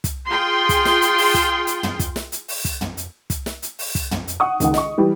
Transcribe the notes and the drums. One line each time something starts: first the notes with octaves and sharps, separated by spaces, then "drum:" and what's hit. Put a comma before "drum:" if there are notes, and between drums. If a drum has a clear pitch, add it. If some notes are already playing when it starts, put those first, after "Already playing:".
drum: kick, hi-hat
F4 G#4 G5 C6
drum: kick, hi-hat
drum: snare
drum: hi-hat
drum: open hi-hat
drum: kick, hi-hat
drum: hi-hat
drum: tom
drum: kick, hi-hat
drum: snare
drum: hi-hat
drum: open hi-hat
drum: kick, hi-hat
drum: tom
drum: hi-hat
drum: kick, hi-hat
drum: snare
drum: hi-hat
drum: open hi-hat
drum: kick, hi-hat
drum: tom
drum: hi-hat
F#5 C#6 D#6
C#2 D#3 F#5, drum: kick, hi-hat
D#5 C#6, drum: snare
E3 G3